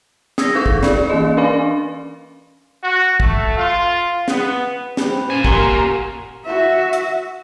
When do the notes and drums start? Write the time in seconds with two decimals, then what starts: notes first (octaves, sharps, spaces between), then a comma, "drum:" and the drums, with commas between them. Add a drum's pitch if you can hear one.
0.38 D#6 E6 G#6 A#6, drum: snare
0.55 D#4 G#4 A4 C#6
0.66 drum: kick
0.83 F4 D5, drum: snare
1.10 E3 A#3 G#4 D#5
1.37 C#4 D4 D5 F5 G#5 C6
2.82 F#4
3.20 A3, drum: kick
3.57 F4
4.28 B3, drum: snare
4.97 G4 B4 F#5, drum: snare
5.09 C5
5.30 A#2 C#4 G#5
5.45 A#3 G4 F#5 C6 C#6, drum: kick
6.45 F#4 E5
6.93 drum: hi-hat